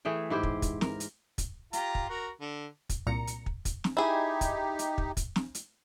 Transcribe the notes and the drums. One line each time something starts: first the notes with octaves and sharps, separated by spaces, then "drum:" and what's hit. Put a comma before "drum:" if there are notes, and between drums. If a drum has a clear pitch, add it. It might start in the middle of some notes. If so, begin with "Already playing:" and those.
E3 A3 G#4 G5
G#2 E4 G4 C5
drum: kick
drum: kick, hi-hat
A#4, drum: snare
drum: hi-hat
drum: kick, hi-hat
F4 G4 A#5, drum: hi-hat
drum: kick
F#4 A#4
D3
drum: kick, hi-hat
C2 A#2 A#5 C#7
drum: hi-hat
drum: kick
drum: kick, hi-hat
drum: snare
D#4 E4 G4 G#4
drum: kick, hi-hat
drum: hi-hat
drum: kick
drum: kick, hi-hat
drum: snare
drum: hi-hat